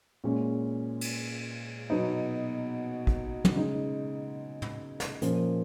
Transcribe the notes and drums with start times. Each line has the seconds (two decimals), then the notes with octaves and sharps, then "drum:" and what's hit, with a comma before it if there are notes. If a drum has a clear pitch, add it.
0.24 A#2 G#3 C#4
1.01 drum: cymbal
1.90 B2 F#3 B3 D#4
3.07 drum: kick
3.45 drum: tom
3.55 C#3 G#3 D#4
4.62 drum: tom
5.00 drum: snare
5.22 A#2 F3 A#3 C#4, drum: hi-hat